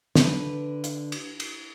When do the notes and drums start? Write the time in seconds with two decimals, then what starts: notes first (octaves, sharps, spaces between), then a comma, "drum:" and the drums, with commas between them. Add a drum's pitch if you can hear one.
0.15 D3 B4, drum: snare
0.84 drum: hi-hat
1.12 drum: cymbal
1.40 drum: cymbal